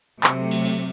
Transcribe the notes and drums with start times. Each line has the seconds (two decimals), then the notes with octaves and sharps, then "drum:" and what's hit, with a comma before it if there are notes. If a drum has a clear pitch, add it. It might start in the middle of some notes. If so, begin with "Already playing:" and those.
0.24 C3 F#3 A3, drum: clap
0.51 drum: cymbal
0.65 drum: cymbal